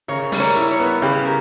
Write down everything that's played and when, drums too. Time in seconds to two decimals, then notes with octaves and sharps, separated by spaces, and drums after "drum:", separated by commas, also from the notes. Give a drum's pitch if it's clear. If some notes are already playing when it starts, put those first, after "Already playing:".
0.08 C#3 A#4 C#5
0.32 G3, drum: open hi-hat
0.40 A#4 C#5
0.56 E4
0.71 A#4 C#5
0.79 B3
1.02 C#3 G4 B4
1.25 A#4